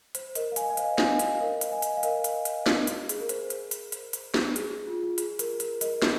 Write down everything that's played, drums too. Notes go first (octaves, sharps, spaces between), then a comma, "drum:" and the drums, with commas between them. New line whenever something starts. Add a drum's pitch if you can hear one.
C5, drum: hi-hat
A#4 D#5, drum: hi-hat
F5
D#5 G#5, drum: hi-hat
D#5
C5 F5, drum: hi-hat
D#5 G#5, drum: snare
drum: hi-hat
F5
A#4 D#5
drum: hi-hat
D#5 G#5
drum: hi-hat
F5
A#4 D#5, drum: hi-hat
drum: hi-hat
drum: hi-hat
drum: snare
drum: hi-hat
G#4, drum: hi-hat
A#4
C5, drum: hi-hat
drum: hi-hat
drum: hi-hat
drum: hi-hat
drum: hi-hat
drum: snare
G#4, drum: hi-hat
G#4
F4
F4
G#4, drum: hi-hat
A#4, drum: hi-hat
A#4, drum: hi-hat
A#4 D#5, drum: hi-hat
drum: snare